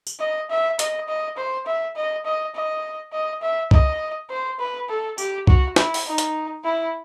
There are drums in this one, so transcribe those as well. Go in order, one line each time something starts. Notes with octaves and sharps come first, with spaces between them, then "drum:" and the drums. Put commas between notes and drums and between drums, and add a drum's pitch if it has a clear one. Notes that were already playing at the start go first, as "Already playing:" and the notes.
drum: tambourine
D#5
E5
D#5, drum: hi-hat
D#5
C5
E5
D#5
D#5
D#5
D#5
E5
D#5, drum: kick
C5
B4
A4
G4, drum: tambourine
F#4, drum: kick
E4, drum: snare
drum: open hi-hat
D#4
drum: hi-hat
E4